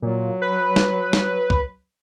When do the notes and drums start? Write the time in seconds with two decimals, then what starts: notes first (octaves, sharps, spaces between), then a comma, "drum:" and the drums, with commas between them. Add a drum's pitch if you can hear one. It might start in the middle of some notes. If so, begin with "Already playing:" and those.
0.02 A#2 F#3
0.42 B4
0.76 drum: snare
1.13 drum: snare
1.50 drum: kick